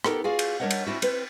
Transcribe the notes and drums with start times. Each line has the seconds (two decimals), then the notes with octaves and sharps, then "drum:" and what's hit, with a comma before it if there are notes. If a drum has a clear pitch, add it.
0.04 B3 D#4 G4 A4 A#4, drum: rim click
0.24 F4 F#4 G#4 D5 F5
0.39 drum: cymbal
0.60 G3 D4 A#4 C#5 D#5 F#5
0.71 drum: cymbal
0.86 C4 D4 E4 F#4
1.02 C4 B4, drum: cymbal